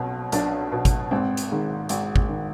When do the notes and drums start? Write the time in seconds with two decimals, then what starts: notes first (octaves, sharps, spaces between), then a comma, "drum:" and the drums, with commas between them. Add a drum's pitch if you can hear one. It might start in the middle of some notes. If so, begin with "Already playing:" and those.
Already playing: B1 B2 C4
0.32 B1 D4, drum: hi-hat
0.72 B2
0.85 drum: kick G#1, hi-hat
1.11 G#1 C4
1.37 drum: hi-hat
1.51 G#2 D#3
1.89 G#1, drum: hi-hat
2.16 drum: kick G#1
2.29 D#3